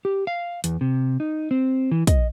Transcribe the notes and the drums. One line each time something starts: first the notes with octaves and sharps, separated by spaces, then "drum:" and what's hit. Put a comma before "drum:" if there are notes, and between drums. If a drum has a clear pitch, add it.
G4
F5
E2, drum: hi-hat
C3
D#4
C4
E3
D#5, drum: kick, hi-hat